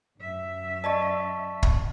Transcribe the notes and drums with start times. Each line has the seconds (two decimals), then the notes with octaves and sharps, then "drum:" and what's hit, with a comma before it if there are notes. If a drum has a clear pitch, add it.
0.18 F#2 E5
0.84 D5 D#5 A5 C#6
1.63 drum: kick